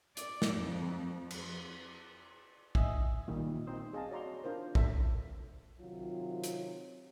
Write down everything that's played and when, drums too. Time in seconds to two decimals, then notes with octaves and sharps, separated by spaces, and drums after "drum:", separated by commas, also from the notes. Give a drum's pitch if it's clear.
0.17 D5, drum: hi-hat
0.42 drum: snare
0.54 F2
1.31 drum: cymbal
2.75 D#5 E5 G#5, drum: kick
3.28 A#2 D#3 G3
3.67 A#3 C4 D#4 C5 D#5
3.93 G#4 D#5 F5 A5
4.10 F#4 C#5 D5 A#5 C6
4.44 D4 F4 A#4 C5
4.75 A4 E5, drum: kick
5.79 C3 D#3 F#3 F4
6.44 drum: hi-hat